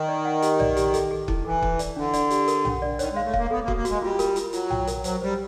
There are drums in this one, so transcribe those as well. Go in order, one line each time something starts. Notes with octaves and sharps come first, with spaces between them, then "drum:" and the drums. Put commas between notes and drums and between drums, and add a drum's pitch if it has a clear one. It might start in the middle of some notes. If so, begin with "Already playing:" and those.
Already playing: D#3
D5
F#5
G4, drum: hi-hat
D5, drum: tom B1
G4, drum: hi-hat
A4, drum: hi-hat
A4
E4, drum: kick
E3 A4
E4, drum: kick
D5, drum: hi-hat
D3 D4
D5, drum: hi-hat
G4, drum: hi-hat
A#4, drum: hi-hat
D4, drum: tom B1
D5
D#3 C#5, drum: hi-hat
G#3
F5
A3
A#3 F5, drum: kick
B3 A4
A#3
F#4, drum: kick
A#3
G#3 F#4, drum: hi-hat
G3 F4
A#4, drum: hi-hat
F4, drum: hi-hat
F#3 F4, drum: hi-hat
G5, drum: tom B1
A#4, drum: hi-hat
F#3 C5, drum: hi-hat
G3 C5